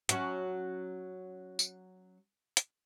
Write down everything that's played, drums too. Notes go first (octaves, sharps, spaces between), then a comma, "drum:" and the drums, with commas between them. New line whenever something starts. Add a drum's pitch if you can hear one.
F#3 C#4 F#4, drum: hi-hat
drum: tambourine
drum: hi-hat